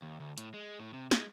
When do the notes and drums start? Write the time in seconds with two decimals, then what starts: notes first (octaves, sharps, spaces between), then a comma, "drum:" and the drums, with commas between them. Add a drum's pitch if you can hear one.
0.02 D#2
0.20 D2
0.38 A2, drum: hi-hat
0.54 G#3
0.80 A2
0.94 C3
1.11 G#3, drum: snare